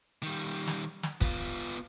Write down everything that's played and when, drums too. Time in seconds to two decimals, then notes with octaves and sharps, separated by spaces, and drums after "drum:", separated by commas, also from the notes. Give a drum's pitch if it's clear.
0.23 D#3 G3
0.67 drum: snare
1.03 drum: snare
1.21 B3 F4, drum: kick